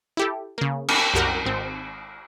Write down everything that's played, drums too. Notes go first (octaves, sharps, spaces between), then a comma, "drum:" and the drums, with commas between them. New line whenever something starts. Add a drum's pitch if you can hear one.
E4 G4 A4
C#3 A#3
drum: cymbal
C2 F#2 F#4 G4 A#4 F#5
G#1 C4